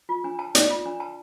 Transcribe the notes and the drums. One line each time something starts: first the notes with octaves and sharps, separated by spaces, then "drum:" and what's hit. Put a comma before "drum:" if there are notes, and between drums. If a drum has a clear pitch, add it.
F4
D4
A5
D5, drum: hi-hat
F4
D4
A5